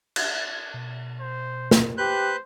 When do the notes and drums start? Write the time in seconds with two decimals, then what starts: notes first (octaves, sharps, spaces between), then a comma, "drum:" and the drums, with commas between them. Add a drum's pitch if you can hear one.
0.16 drum: cymbal
0.74 B2
1.20 C5
1.71 drum: snare
1.98 G4 B4 C5 F#6 G6